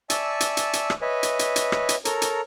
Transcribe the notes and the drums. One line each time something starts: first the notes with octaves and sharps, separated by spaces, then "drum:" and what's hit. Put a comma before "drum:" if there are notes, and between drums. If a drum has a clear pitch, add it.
D5 E5 G#5 A5 C#6 E6, drum: hi-hat
drum: hi-hat
drum: hi-hat
drum: hi-hat
drum: rim click
B4 C#5 D#5 E5 G#5
drum: hi-hat
drum: hi-hat
drum: hi-hat
drum: rim click
drum: hi-hat
A4 A#4 C#5 A#5, drum: hi-hat
drum: hi-hat